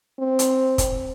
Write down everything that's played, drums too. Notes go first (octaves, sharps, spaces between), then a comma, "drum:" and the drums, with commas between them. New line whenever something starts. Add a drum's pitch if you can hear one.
C4
drum: hi-hat
drum: kick, hi-hat